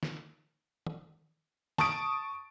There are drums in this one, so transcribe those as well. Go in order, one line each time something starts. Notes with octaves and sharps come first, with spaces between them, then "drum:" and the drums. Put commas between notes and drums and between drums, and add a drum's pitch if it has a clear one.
drum: snare
drum: tom
A5 C#6 D#6 D7, drum: snare